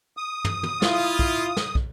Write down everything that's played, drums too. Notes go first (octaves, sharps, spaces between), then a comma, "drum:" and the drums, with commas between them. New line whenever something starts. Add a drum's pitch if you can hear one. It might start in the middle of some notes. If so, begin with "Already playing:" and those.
D#6
drum: tom
drum: tom
E4 F4, drum: snare
drum: kick
drum: snare
drum: kick